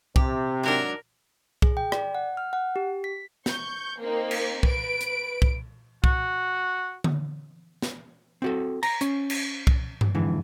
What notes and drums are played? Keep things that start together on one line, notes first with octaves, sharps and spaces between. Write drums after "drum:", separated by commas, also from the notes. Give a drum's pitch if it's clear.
C3 G4, drum: kick C2
G#2 F#3 D4 A#4
G#4, drum: kick C2
G5
D5, drum: rim click
F#5
F6
F#5
G4
B6
C#6 G6, drum: snare
A#3 C4 D#4
drum: cymbal
B4 D7, drum: kick C2
drum: hi-hat
drum: kick C2
F#4, drum: kick C2
drum: tom D3
drum: snare
C4 F#4 A4
A#5, drum: cymbal
C#4, drum: hi-hat
drum: cymbal
drum: kick C2
drum: tom G2
F2 G#2 D3 E3